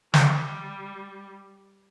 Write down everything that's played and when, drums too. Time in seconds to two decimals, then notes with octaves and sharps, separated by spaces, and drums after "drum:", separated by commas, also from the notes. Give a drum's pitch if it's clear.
0.14 G3, drum: snare